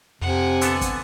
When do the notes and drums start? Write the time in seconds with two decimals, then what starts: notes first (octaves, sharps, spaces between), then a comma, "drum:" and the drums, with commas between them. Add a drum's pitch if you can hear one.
0.21 F2 C3 F#5 G#5
0.61 D3 B3 A4, drum: hi-hat
0.81 drum: kick, hi-hat